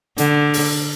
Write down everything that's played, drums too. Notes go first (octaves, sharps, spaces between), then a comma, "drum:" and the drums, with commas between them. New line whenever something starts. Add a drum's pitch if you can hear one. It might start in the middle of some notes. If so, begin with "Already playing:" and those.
D3, drum: hi-hat
drum: open hi-hat